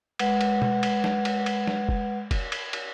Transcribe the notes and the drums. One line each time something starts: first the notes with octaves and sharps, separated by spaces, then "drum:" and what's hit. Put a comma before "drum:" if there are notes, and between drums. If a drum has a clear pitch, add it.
G#3 B4 F#5, drum: cymbal
drum: cymbal
drum: tom
drum: cymbal
drum: snare
drum: cymbal
drum: cymbal
drum: snare
drum: kick
drum: kick, cymbal
drum: cymbal
drum: cymbal